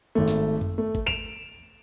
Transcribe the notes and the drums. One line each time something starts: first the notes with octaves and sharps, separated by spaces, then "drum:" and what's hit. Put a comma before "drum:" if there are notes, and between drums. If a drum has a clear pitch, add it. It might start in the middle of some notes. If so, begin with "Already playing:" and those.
G#1 A3
drum: snare
drum: tom F2
A3
drum: kick G#1
D7 E7 F7